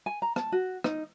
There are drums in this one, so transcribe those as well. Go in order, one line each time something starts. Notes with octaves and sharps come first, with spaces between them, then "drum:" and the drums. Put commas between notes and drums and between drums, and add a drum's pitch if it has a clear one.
G#5
A#5
A5, drum: rim click
F#4
D#4, drum: rim click